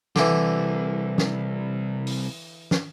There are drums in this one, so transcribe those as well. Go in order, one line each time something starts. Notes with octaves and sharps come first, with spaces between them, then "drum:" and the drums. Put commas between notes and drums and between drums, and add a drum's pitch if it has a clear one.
C2 D3 E3, drum: snare
drum: snare
drum: open hi-hat
drum: snare